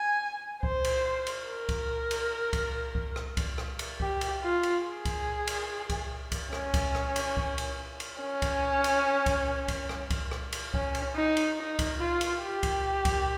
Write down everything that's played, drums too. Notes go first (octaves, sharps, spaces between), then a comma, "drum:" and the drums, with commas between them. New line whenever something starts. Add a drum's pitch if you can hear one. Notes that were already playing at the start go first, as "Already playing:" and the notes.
Already playing: G#5
C5, drum: kick C2
drum: cymbal
drum: cymbal
A#4
drum: kick C2, cymbal
drum: cymbal
drum: kick C2, cymbal
drum: kick C2
drum: rim click
drum: kick C2, cymbal
drum: rim click
drum: cymbal
G4, drum: kick C2
drum: cymbal
F4
drum: cymbal
G#4
drum: kick C2, cymbal
drum: cymbal
drum: kick C2, cymbal
drum: kick C2, cymbal
C#4, drum: rim click
drum: kick C2, cymbal
drum: rim click
drum: cymbal
drum: kick C2
drum: cymbal
drum: cymbal
C#4
drum: kick C2, cymbal
drum: cymbal
drum: kick C2, cymbal
drum: kick C2, cymbal
drum: rim click
drum: kick C2, cymbal
drum: rim click
drum: cymbal
C#4, drum: kick C2
drum: cymbal
D#4
drum: cymbal
D#4
drum: kick C2, cymbal
F4
drum: cymbal
G4
drum: kick C2, cymbal
drum: kick C2, cymbal